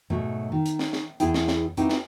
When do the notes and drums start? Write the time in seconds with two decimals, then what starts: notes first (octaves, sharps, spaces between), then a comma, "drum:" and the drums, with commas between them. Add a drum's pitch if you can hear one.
0.10 G#2 B2 F#3 A3
0.52 D#3
0.66 drum: hi-hat
0.79 drum: snare
0.93 drum: snare
1.20 E2 B3 E4 G#4 A4 G5, drum: hi-hat
1.34 drum: snare
1.48 drum: snare
1.77 C4 D#4 E4 F#4 G4 B4, drum: hi-hat
1.89 drum: snare